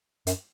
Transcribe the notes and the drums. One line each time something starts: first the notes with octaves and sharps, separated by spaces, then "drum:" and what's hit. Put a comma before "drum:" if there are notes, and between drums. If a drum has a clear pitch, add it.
F#2, drum: hi-hat